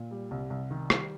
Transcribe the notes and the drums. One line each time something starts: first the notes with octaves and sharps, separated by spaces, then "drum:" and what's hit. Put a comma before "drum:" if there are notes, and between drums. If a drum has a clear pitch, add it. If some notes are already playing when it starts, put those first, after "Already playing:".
Already playing: A#2
G3
C2
C2
D#3
G3, drum: rim click